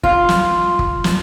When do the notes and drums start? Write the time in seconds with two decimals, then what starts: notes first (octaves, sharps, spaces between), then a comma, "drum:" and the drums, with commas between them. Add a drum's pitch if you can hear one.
0.03 F4, drum: kick
0.29 drum: snare
0.79 drum: kick
1.04 drum: snare